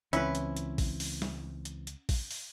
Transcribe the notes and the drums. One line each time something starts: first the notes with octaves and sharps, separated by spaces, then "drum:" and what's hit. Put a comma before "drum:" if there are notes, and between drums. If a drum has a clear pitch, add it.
C#2 E3 C4 C#4 E4 B4, drum: hi-hat
drum: hi-hat
drum: hi-hat
drum: kick, open hi-hat
drum: open hi-hat
drum: snare
drum: hi-hat
drum: hi-hat
drum: kick, open hi-hat
drum: open hi-hat